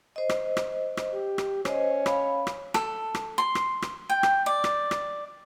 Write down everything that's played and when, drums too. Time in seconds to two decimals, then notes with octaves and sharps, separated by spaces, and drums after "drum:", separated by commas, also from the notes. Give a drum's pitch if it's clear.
0.16 C5 D#5
0.29 drum: rim click
0.57 drum: rim click
0.97 drum: rim click
1.13 G4
1.38 drum: rim click
1.65 C#4 C5 D#5, drum: rim click
2.06 F5 B5, drum: rim click
2.47 drum: rim click
2.74 A4, drum: rim click
3.15 drum: rim click
3.38 C6
3.55 drum: rim click
3.82 drum: rim click
4.10 G5
4.23 drum: rim click
4.46 D5
4.64 drum: rim click
4.91 drum: rim click